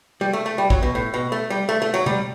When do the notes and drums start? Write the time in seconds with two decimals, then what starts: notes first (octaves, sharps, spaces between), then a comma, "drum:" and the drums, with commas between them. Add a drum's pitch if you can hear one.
0.21 G3
0.33 A3
0.46 A3
0.58 G3
0.70 F#3, drum: kick
0.83 B2
0.95 A2
1.14 B2
1.32 A3
1.50 G3
1.69 A3
1.82 A3
1.94 F#3
2.06 G3, drum: tom C3